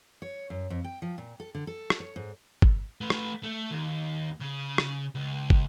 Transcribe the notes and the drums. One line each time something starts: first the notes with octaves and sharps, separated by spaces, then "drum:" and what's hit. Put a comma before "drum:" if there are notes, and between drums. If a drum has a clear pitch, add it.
C#5
F#2
F2
G5
F3
A#2
A4
D3
A4
drum: rim click
C#5
G#2
drum: kick
A3 B4
drum: rim click
A3
D#2
C#3
drum: rim click
C#2
drum: kick